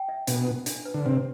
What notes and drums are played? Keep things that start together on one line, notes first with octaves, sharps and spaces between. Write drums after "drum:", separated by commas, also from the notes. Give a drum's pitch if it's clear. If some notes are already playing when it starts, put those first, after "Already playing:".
Already playing: G5
E5
B2 D4, drum: hi-hat
F4
D4, drum: hi-hat
B4
D3
C3 B4